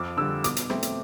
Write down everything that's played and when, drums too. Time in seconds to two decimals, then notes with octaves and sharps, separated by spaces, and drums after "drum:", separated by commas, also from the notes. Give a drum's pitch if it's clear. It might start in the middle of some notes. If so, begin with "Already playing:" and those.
Already playing: F2 D6
0.17 D3 G3 E6
0.44 B2 D6, drum: hi-hat
0.57 drum: hi-hat
0.70 A3 C4, drum: rim click
0.83 drum: hi-hat